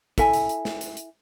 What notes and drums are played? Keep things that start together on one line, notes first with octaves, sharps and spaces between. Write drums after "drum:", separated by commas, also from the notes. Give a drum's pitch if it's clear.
E4 A4 E5 G#5, drum: kick, hi-hat
drum: hi-hat
drum: hi-hat
drum: snare
drum: hi-hat
drum: hi-hat